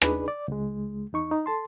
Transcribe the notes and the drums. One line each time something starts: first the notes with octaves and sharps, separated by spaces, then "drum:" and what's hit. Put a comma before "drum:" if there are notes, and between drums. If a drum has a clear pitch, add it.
D4 D#4 G#4 B4 D5, drum: rim click
D5
C#2 G#3
E2 D#4 C#6
D#4
A4 A5 C6